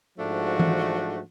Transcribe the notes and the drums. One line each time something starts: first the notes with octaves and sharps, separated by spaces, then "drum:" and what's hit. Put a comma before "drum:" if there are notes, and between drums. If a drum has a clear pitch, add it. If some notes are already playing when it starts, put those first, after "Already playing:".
G#2 F3 A3 D4 F#4
drum: tom E3